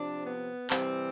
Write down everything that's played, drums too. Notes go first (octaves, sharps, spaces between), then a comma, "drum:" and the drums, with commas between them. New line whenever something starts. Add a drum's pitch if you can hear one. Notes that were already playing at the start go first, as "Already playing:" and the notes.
Already playing: C3 F3 D4
B3
C3 E3 G3 C4, drum: clap